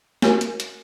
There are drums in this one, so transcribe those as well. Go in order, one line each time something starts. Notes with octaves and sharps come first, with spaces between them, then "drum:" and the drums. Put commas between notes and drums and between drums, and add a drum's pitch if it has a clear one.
F#4 G4 A#4 C#5 G#5, drum: snare
drum: hi-hat
drum: hi-hat